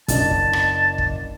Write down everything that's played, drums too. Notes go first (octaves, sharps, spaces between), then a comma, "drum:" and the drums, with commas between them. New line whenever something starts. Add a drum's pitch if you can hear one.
F#1 D4 D#5 A5, drum: kick, hi-hat
drum: kick
drum: rim click
drum: kick